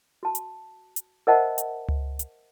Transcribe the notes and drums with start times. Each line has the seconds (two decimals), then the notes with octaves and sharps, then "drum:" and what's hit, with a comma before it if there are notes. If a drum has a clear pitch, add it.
0.23 F#4 A5
0.35 drum: hi-hat
0.96 drum: hi-hat
1.27 A#4 C5 D#5 E5 F#5 A5
1.58 drum: hi-hat
1.88 drum: tom C#2
2.19 drum: hi-hat